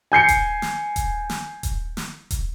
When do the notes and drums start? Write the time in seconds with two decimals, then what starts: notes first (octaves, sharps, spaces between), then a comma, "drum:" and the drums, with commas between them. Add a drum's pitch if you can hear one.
0.12 G#5 G6 C7 C#7
0.28 drum: kick D#1, hi-hat
0.62 drum: snare
0.96 drum: kick D#1, hi-hat
1.29 drum: snare
1.63 drum: kick D#1, hi-hat
1.97 drum: snare
2.31 drum: kick D#1, hi-hat